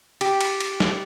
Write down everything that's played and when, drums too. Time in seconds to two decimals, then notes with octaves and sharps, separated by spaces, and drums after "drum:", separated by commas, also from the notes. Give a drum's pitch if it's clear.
0.21 G4, drum: cymbal
0.41 drum: cymbal
0.60 drum: cymbal
0.80 drum: snare